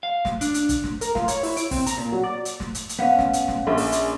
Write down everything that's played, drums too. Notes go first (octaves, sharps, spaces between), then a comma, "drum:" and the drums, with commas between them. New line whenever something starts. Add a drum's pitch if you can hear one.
F5
drum: snare
D4, drum: hi-hat
drum: hi-hat
drum: kick, hi-hat
drum: snare
A#4, drum: hi-hat
F4, drum: snare
C#5, drum: hi-hat
E4, drum: open hi-hat
D7, drum: hi-hat
C4, drum: kick, open hi-hat
A#5, drum: hi-hat
A#2
F#3
D5
drum: hi-hat
drum: snare
drum: hi-hat
drum: hi-hat
B3 C#4 F5 F#5
drum: snare
drum: hi-hat
drum: snare
A#1
drum: open hi-hat
drum: hi-hat